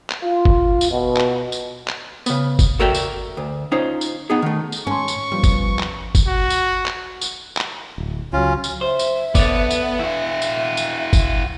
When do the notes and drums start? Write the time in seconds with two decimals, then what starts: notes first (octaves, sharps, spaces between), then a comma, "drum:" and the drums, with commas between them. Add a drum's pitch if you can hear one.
0.10 drum: clap
0.24 F4
0.45 drum: kick G1
0.81 drum: tambourine
0.91 B2
1.17 drum: clap
1.52 drum: tambourine
1.88 drum: clap
2.26 C#3 B3, drum: tambourine
2.59 drum: kick G1, tambourine
2.80 F#4 A4 A#4 D5 E5 G5
2.94 drum: tambourine
3.37 D2
3.72 C#4 D#4 F4 C5
4.01 drum: tambourine
4.30 B3 D#4 G#4
4.42 D#3 A3
4.72 drum: tambourine
4.87 G#2 C#4 G#5 A5 C6 C#6
5.08 drum: tambourine
5.32 F3 G3 B3
5.44 drum: kick G1, tambourine
5.79 drum: clap
6.15 drum: kick G1, tambourine
6.27 F#4
6.50 drum: tambourine
6.86 drum: clap
7.21 drum: tambourine
7.57 drum: clap
7.98 D1
8.33 C#2 F#3 C#4 F4
8.64 drum: tambourine
8.81 C5 E5
8.99 drum: tambourine
9.35 B3 A4 C#5 D5, drum: kick G1, tambourine
9.71 drum: tambourine
9.99 E4 F#4
10.42 drum: tambourine
10.77 drum: tambourine
11.13 drum: kick G1, tambourine